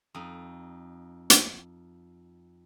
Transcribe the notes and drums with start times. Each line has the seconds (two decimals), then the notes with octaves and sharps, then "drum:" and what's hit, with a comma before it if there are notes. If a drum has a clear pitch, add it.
0.15 F2 D#4
1.30 drum: hi-hat